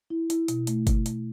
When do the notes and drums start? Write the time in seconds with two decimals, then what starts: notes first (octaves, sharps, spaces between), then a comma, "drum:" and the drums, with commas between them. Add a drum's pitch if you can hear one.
0.10 E4
0.30 E4, drum: hi-hat
0.48 B2, drum: hi-hat
0.67 A3, drum: hi-hat
0.87 drum: kick G1, hi-hat
1.06 drum: hi-hat